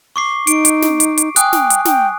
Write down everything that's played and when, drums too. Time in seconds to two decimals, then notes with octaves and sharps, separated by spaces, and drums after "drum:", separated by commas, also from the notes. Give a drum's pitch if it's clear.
0.16 C#6 D6 C7
0.47 D#4 D7, drum: hi-hat
0.65 drum: hi-hat
0.82 drum: snare
1.00 drum: hi-hat
1.17 drum: hi-hat
1.36 G5 G#5 D#6 F#6, drum: hi-hat
1.53 drum: snare
1.70 drum: hi-hat
1.85 G5, drum: snare